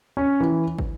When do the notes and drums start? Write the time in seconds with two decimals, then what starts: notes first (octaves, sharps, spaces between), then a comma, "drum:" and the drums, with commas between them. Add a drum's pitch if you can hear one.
0.17 C#4
0.40 E3
0.79 drum: kick